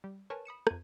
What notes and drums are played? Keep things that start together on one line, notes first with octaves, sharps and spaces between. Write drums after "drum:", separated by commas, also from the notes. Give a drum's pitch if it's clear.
G3
A#4 B4 C#5 G#5 A5 C#6
B5 D#6 C#7 E7
F2 G#6 D#7, drum: rim click